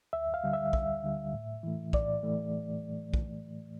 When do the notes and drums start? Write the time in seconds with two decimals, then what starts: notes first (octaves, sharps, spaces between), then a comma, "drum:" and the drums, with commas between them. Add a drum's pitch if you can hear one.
0.13 D2 E5
0.34 F5
0.44 D3 G3
0.53 E5
0.73 D2 E5, drum: kick
1.03 D3 G3
1.34 A2
1.63 E3 A3
1.93 A2 D5, drum: kick
2.23 E3 A3
3.14 drum: kick